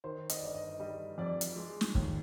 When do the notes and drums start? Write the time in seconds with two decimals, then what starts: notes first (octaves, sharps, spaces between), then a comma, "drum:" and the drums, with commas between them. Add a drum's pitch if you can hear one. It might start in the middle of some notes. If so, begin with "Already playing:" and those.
0.04 D#3 C5
0.29 D#5, drum: hi-hat
0.37 D5
0.42 G1 D#5
0.54 D#5
0.80 G3 D#5
1.18 F2 D5
1.41 drum: hi-hat
1.56 G#3
1.81 drum: snare
1.95 D#2, drum: kick